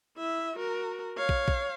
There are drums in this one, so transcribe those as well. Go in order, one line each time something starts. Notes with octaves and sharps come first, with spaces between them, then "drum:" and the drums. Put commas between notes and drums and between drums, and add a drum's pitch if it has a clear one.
E4 E5
F#4 A#4
C#5 F5
drum: kick
drum: kick